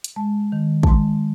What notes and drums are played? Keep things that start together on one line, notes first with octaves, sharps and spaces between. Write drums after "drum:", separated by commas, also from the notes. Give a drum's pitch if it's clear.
drum: hi-hat
G#3 A5
D#3
A5, drum: kick
G#3 C6